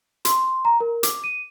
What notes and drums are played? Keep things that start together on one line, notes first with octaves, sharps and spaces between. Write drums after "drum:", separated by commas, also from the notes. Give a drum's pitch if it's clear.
C6, drum: hi-hat
A#5
A#4
D6, drum: hi-hat
D#7